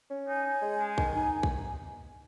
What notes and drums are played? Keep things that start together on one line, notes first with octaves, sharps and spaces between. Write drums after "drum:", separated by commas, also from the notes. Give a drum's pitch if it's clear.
C#4
D#4 G#5
D#4
G#3
G#3
D#3, drum: kick B1
D#4
drum: kick B1